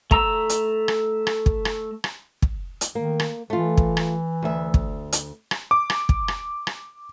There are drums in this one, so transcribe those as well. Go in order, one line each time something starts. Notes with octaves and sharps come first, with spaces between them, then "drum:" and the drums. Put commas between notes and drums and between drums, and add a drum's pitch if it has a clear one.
A3 A#5 E6, drum: kick
drum: hi-hat
drum: rim click
drum: rim click
drum: kick
drum: rim click
drum: rim click
drum: kick
drum: hi-hat
D#3 A#3
drum: rim click
E3 A3 F4
drum: kick
drum: rim click
D2 E5
drum: kick
drum: hi-hat
drum: rim click
D6
drum: rim click
drum: kick
drum: rim click
drum: rim click